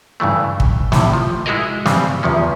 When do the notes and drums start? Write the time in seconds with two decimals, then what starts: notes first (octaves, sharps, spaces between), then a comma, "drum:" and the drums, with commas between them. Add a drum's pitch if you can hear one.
0.20 G2 C#3 E3 A3
0.60 drum: kick
0.92 A2 C3, drum: snare
1.13 F3
1.46 G#3 E4 F#4 G#4 A#4 D#5
1.86 G2 C#3 G3 C4, drum: snare
2.23 E2 C#3 F3 C#4